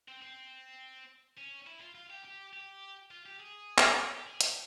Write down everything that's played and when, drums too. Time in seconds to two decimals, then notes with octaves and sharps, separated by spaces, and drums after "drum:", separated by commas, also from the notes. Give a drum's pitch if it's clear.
0.08 C4
0.22 C4
1.38 C#4
1.67 E4
1.81 F4
1.95 F4
2.10 G4
2.25 G4
2.53 G4
3.11 F4
3.26 G4
3.40 G#4
3.78 drum: clap
3.98 G#4
4.13 G4
4.27 G#4
4.41 G4, drum: hi-hat